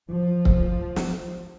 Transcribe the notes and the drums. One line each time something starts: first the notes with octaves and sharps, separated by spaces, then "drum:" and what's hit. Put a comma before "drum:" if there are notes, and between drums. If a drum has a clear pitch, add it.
F3
drum: kick C#1
drum: snare